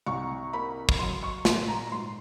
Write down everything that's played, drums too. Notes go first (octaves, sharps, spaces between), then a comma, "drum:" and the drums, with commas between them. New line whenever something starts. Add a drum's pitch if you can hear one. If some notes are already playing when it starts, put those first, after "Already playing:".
C2 C#6
A#3 B5
drum: kick
F#3 C6
C#6
A#2 C6, drum: snare
A#5
G#2 C6